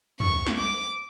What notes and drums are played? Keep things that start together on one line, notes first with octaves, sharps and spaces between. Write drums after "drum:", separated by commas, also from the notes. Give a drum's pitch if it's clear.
C#6, drum: tom
drum: snare
D6